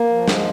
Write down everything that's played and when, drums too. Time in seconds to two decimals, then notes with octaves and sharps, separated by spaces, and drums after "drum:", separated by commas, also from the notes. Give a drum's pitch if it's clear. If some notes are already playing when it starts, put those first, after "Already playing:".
Already playing: A#3
0.09 F3
0.28 G#3, drum: snare